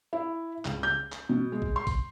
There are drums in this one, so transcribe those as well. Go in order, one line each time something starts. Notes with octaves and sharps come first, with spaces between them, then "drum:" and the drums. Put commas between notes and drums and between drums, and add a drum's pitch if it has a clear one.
E4
C#2, drum: clap
G6
drum: clap
B2
G#3
drum: kick
C6
drum: kick, open hi-hat